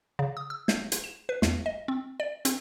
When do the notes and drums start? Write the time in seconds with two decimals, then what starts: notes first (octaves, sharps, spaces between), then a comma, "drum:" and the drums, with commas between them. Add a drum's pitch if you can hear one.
0.19 C#3
0.37 D#6
0.50 E6
0.68 G6, drum: snare
0.92 drum: hi-hat
1.04 E7
1.29 B4
1.42 E2, drum: snare
1.66 D#5
1.88 C4
2.20 D5
2.45 C4, drum: hi-hat